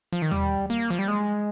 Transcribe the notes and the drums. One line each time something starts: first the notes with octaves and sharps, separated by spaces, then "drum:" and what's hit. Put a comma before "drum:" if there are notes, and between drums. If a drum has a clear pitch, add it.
F3
D#3
G3, drum: tom D#2
A#3
F3
G3
G#3